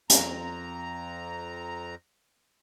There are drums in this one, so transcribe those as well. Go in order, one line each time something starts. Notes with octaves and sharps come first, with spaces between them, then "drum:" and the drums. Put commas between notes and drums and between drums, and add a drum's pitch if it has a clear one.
F2 A#5, drum: hi-hat